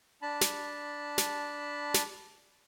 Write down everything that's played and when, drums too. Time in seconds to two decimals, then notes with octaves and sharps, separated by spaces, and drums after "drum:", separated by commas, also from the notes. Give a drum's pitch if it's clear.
0.22 D4 A5 B5
0.41 drum: snare
1.18 drum: snare
1.94 drum: snare